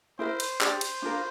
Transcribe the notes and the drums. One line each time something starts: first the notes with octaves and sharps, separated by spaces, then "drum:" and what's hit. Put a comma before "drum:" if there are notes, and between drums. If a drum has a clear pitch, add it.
E4 A#4 C5 E5
drum: cymbal
D4 G4 C5 D5, drum: clap
drum: cymbal
D4 F4 A#4